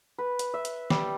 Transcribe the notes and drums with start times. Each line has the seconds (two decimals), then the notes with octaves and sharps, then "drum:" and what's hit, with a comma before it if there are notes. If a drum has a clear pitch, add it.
0.18 B4
0.39 drum: hi-hat
0.54 E5
0.65 drum: hi-hat
0.90 G3, drum: snare